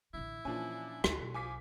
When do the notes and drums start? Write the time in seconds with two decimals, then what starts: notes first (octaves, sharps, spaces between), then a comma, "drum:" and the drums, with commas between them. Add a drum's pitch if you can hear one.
0.14 A1 D3 E4
0.45 A#2 E3 F3 C#4 D4 G#5
1.04 D2 A4, drum: rim click
1.18 B1
1.34 F3 G#5 D6 B6